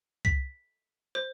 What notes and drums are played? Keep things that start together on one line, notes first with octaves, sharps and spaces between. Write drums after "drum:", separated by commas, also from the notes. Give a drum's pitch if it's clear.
B6, drum: kick C2
C5